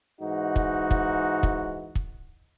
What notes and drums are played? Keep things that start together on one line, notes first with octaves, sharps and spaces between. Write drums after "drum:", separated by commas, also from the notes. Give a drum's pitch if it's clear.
G#2 E3 D#4 F#4
drum: kick
drum: kick
drum: kick
drum: kick